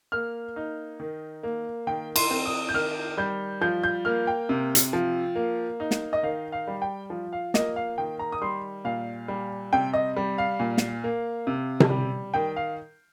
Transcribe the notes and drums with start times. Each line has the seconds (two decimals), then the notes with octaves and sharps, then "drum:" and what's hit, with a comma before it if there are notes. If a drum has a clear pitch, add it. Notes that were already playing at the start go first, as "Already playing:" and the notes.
0.12 A#3 F6
0.56 D#4
1.00 D#3
1.43 A#3
1.87 D#3 G5
2.16 C6, drum: cymbal
2.31 C4
2.46 D#6
2.69 G6
2.74 D#3 F6
3.17 G3 G6
3.61 F3 G6
3.83 G6
4.05 A#3 F6
4.27 G5
4.49 C3
4.75 drum: hi-hat
4.93 F3
5.35 A#3
5.80 D#4
5.91 drum: snare
6.13 D#5
6.23 D#3 F5
6.52 F5
6.67 G3
6.82 G5
7.10 F3
7.33 F5
7.54 A#3 D#5, drum: snare
7.76 F5
7.98 D#3 G5
8.19 A#5
8.32 D#6
8.42 G3 C6
8.85 A#2 F5
9.28 G3
9.73 C3 G5
9.93 D#5
10.16 G3
10.38 F5
10.60 A#2
10.78 drum: snare
11.04 A#3
11.47 C3
11.80 drum: tom C3
11.90 G3
12.34 D#3 G5
12.56 F5